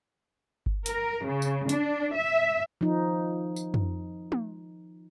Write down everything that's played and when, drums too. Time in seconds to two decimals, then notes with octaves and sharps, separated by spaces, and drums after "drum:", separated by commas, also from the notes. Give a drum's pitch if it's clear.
0.66 drum: kick G1
0.86 A#4, drum: hi-hat
1.26 C#3
1.42 drum: tambourine
1.69 D4, drum: hi-hat
2.15 E5
2.81 F3 D#4
3.56 drum: tambourine
3.74 drum: tom
4.32 drum: tom